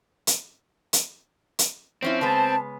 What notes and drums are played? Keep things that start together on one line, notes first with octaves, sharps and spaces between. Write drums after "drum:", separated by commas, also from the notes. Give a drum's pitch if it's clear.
drum: hi-hat
drum: hi-hat
drum: hi-hat
F3 C4 C#4 E4
C#3 G#3 B3 A5